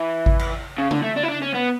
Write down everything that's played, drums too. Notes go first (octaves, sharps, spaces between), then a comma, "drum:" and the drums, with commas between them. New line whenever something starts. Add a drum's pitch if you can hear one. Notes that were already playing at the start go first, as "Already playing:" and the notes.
Already playing: E3
drum: kick G#1
drum: cymbal
C#3
D3, drum: tom C#3
A3
D4
E4
D4
C#4
B3